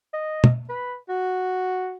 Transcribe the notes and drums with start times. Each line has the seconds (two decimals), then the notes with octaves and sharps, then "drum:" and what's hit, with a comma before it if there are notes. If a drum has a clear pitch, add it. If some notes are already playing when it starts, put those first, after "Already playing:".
0.13 D#5
0.44 drum: tom
0.69 B4
1.09 F#4